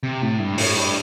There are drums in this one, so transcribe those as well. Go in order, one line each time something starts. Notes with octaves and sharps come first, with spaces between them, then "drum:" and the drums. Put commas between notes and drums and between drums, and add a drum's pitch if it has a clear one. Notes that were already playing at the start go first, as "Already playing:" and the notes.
C3
A2
G2
A2, drum: open hi-hat
G2